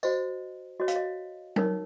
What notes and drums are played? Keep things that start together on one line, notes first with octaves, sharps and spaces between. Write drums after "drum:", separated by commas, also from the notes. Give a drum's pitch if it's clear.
F#4 C5 D#5, drum: tambourine
F#4 C#5 D#5
F5, drum: hi-hat
D#5
D#4 A#4 C#5, drum: tom F#3